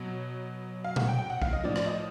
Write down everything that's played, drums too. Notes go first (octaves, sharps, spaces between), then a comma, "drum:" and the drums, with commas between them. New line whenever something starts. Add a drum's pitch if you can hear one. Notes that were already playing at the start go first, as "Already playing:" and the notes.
Already playing: B2 F#3
F5
F#5, drum: tom A#2
G5
G5
F#5
F5, drum: kick
D#5
A2 F3 D5
D5, drum: rim click
D#5